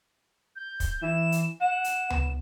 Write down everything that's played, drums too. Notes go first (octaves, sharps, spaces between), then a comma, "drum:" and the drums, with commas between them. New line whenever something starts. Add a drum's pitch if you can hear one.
G6
drum: kick, hi-hat
E3 E7
drum: hi-hat
F#5 E7
drum: hi-hat
B3, drum: tom C#2